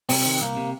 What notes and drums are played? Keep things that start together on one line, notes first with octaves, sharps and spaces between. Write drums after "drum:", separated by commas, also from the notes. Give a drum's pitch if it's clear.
C2 C3 C4, drum: open hi-hat
D#3
C2 A#3
C3